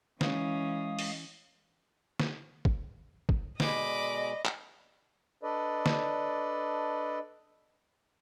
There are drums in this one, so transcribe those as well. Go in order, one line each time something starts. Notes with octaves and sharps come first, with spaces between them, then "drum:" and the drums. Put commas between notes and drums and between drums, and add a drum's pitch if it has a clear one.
E3 G#3 C#4 F5 D#6, drum: snare
drum: open hi-hat
drum: snare
drum: kick
drum: kick
B2 D3 G#3 D#5 B5 D6, drum: snare
drum: clap
D4 A4 B4 D5 D#5
drum: snare